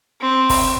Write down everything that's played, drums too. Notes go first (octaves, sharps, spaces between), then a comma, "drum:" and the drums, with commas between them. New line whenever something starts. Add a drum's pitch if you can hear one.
C4
drum: kick, open hi-hat